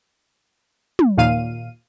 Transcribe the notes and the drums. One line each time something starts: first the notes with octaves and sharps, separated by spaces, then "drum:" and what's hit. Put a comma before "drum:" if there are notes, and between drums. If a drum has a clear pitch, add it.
drum: tom
D#2 A#2 F5 D#7